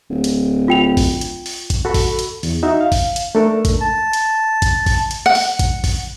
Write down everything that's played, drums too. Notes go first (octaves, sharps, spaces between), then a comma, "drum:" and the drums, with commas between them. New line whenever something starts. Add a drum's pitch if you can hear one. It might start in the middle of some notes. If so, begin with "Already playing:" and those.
D1
drum: hi-hat
F4 G5 F7
drum: kick A1, open hi-hat
drum: hi-hat
drum: open hi-hat
drum: kick A1, hi-hat
F#4 A4 B5
drum: kick A1, open hi-hat
drum: hi-hat
E2, drum: open hi-hat
D#4 F#4 E5
F5
drum: kick A1, open hi-hat
drum: hi-hat
A3 D4 A4 A#4
drum: kick A1, hi-hat
A5
drum: hi-hat
drum: kick A1, hi-hat
drum: kick A1, open hi-hat
drum: hi-hat
F#5
drum: open hi-hat
drum: kick A1, hi-hat
drum: kick A1, open hi-hat